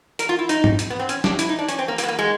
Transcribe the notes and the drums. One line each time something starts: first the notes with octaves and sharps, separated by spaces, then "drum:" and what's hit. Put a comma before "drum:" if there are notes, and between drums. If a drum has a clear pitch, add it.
A#4, drum: hi-hat
F4
E4
D#4, drum: hi-hat
drum: tom G#2
drum: hi-hat
B3
C4
C#4, drum: hi-hat
D4, drum: snare
E4, drum: hi-hat
D#4
D4
C#4, drum: hi-hat
C4
A#3
A#3, drum: hi-hat
B3
A#3
G#3